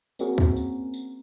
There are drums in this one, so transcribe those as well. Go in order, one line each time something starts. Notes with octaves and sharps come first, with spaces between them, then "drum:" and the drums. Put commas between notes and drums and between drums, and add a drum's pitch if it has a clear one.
A#3 C4 C#4 F#4 G#4 A#4, drum: tambourine
drum: kick
drum: tambourine
drum: tambourine